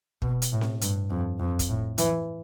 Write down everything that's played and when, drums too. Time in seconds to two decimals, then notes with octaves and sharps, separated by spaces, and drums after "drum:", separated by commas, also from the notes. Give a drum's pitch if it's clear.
0.22 B2, drum: kick
0.42 drum: hi-hat
0.52 A2
0.61 drum: snare C4
0.81 G2, drum: hi-hat
1.10 F2
1.39 F2
1.59 drum: kick, hi-hat
1.69 A2
1.98 E3, drum: hi-hat